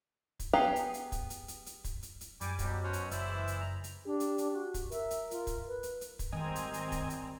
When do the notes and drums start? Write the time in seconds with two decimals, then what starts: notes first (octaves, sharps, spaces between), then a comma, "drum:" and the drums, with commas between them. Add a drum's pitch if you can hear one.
0.40 drum: kick, hi-hat
0.53 B3 G4 G#4 F5 A#5
0.76 drum: hi-hat
0.94 drum: hi-hat
1.12 drum: kick, hi-hat
1.30 drum: hi-hat
1.48 drum: hi-hat
1.66 drum: hi-hat
1.84 drum: kick, hi-hat
2.03 drum: hi-hat
2.21 drum: hi-hat
2.41 F#2 G3 G#5 D6, drum: hi-hat
2.59 B2 F#3 G3 F#4 G4, drum: kick, hi-hat
2.84 C#4 F#4 B4 C5
2.93 drum: hi-hat
3.11 F#1 E4 C5 D5 E5, drum: hi-hat
3.26 E3 G#3
3.48 drum: hi-hat
3.60 A#5
3.84 drum: hi-hat
4.06 D4 G4
4.20 drum: hi-hat
4.38 drum: hi-hat
4.53 F#4
4.74 drum: kick, hi-hat
4.92 A#4 E5, drum: hi-hat
5.11 drum: hi-hat
5.31 F4, drum: hi-hat
5.47 drum: kick, hi-hat
5.67 B4
5.83 drum: hi-hat
6.01 drum: hi-hat
6.19 drum: kick, hi-hat
6.32 G#1 D#3 G3 C4 D#5 G#5 A#5
6.56 drum: hi-hat
6.74 drum: hi-hat
6.92 drum: kick, hi-hat
7.10 drum: hi-hat